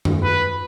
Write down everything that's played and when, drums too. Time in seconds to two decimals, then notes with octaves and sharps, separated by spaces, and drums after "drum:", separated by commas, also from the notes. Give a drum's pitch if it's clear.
0.05 drum: tom F#2
0.23 B4